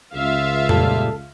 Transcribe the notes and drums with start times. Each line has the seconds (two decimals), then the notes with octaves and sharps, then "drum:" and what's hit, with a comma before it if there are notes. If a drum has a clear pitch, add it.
0.14 C#2 F4 E5 F5
0.69 A#2 G3 A4 A5, drum: tom F2